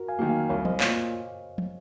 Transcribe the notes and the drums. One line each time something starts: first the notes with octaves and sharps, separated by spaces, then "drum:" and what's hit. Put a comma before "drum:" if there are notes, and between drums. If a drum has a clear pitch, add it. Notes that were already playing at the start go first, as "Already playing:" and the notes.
Already playing: F#4 A#4
F5 G#5
D#3 F#3 A#3
F5 G#5
C2 C#5 F5
C5 D#5, drum: tom
A#2 C#5 F5, drum: clap
drum: tom